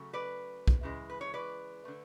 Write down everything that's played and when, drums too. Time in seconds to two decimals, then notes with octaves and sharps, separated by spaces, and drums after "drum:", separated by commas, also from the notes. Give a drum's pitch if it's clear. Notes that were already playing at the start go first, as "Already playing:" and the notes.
Already playing: C#3 F#3 A3
0.13 B4 D5
0.68 drum: kick
0.83 C#3 E3 G#3
1.10 B4
1.21 C#5
1.34 B4 D5
1.85 D3 A3